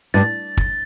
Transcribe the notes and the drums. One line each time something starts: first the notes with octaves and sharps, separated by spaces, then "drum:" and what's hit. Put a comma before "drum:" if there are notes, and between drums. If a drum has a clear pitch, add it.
G2 A6
drum: kick